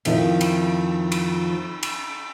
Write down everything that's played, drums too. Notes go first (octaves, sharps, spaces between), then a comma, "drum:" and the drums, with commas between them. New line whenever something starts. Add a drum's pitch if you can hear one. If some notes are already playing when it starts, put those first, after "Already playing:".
F2 D#3 F3 E4, drum: cymbal
drum: cymbal
drum: cymbal
drum: cymbal